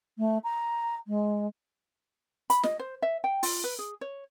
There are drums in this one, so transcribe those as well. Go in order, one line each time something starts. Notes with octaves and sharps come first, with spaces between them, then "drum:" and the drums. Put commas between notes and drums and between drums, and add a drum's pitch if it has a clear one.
A3
A#5
G#3
B5, drum: hi-hat
D#5, drum: snare
C5
E5
G5
F4, drum: open hi-hat
B4
G#4
C#5